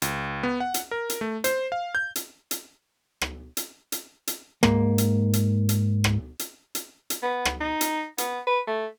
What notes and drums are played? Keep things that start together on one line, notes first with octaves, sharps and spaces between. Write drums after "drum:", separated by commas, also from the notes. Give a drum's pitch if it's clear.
C#2, drum: hi-hat
B3
F#5
drum: hi-hat
A#4
drum: hi-hat
A3
C5, drum: hi-hat
F5
G6
drum: hi-hat
drum: hi-hat
drum: rim click
drum: hi-hat
drum: hi-hat
drum: hi-hat
G#2 A#3, drum: rim click
drum: hi-hat
drum: hi-hat
drum: hi-hat
drum: rim click
drum: hi-hat
drum: hi-hat
drum: hi-hat
B3
drum: rim click
D#4
drum: hi-hat
B3, drum: hi-hat
B4
A3